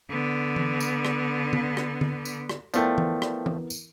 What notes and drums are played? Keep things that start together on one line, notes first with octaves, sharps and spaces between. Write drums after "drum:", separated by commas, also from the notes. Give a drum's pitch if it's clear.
D3 B3
drum: tom E3
drum: tambourine
drum: rim click
drum: tom D3
drum: rim click
drum: tom D3
drum: tambourine
drum: rim click
F3 A3 B3 E4 A#4 D5 G5, drum: tambourine
drum: tom E3
drum: rim click
drum: tom E3
drum: tambourine